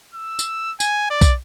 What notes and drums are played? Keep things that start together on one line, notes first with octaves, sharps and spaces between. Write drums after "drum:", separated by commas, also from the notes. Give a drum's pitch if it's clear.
E6
drum: tambourine
G#5, drum: tambourine
D5
drum: kick, tambourine